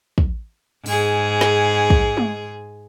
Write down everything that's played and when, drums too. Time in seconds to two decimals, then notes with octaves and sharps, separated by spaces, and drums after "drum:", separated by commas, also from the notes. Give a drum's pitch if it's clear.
0.18 drum: kick
0.86 G#2 G#4, drum: open hi-hat
1.41 drum: snare
1.90 drum: kick
2.17 drum: tom G#3